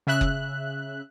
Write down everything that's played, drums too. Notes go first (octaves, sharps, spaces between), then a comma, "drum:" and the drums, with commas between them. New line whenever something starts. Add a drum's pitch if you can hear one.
C#3 E5 F#6
drum: kick F#1